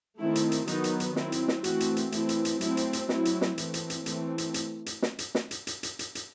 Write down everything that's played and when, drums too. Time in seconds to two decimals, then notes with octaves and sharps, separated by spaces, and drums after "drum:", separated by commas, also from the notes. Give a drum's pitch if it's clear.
0.19 D#3 A3 C4 E4
0.35 drum: hi-hat
0.52 drum: hi-hat
0.67 D#3 F#3 B3 D#4, drum: hi-hat
0.84 drum: hi-hat
1.00 drum: hi-hat
1.16 F#3 C4 E4, drum: snare
1.32 drum: hi-hat
1.48 drum: snare
1.64 E3 A3 C4 F#4, drum: hi-hat
1.80 drum: hi-hat
1.96 drum: hi-hat
2.12 E3 A3 C4 E4, drum: hi-hat
2.29 drum: hi-hat
2.45 drum: hi-hat
2.61 F#3 A3 C4 E4, drum: hi-hat
2.77 drum: hi-hat
2.93 drum: hi-hat
3.09 F#3 C4 E4, drum: snare
3.25 drum: hi-hat
3.41 drum: snare
3.58 E3 A3 C4, drum: hi-hat
3.74 drum: hi-hat
3.90 drum: hi-hat
4.06 E3 A3 C4, drum: hi-hat
4.38 drum: hi-hat
4.54 drum: hi-hat
4.86 drum: hi-hat
5.02 drum: snare
5.19 drum: hi-hat
5.35 drum: snare
5.51 drum: hi-hat
5.67 drum: hi-hat
5.83 drum: hi-hat
5.99 drum: hi-hat
6.15 drum: hi-hat